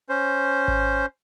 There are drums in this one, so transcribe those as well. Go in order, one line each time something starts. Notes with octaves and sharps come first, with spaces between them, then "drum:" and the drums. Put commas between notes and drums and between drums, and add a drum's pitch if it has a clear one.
C#4 C5
drum: kick G#1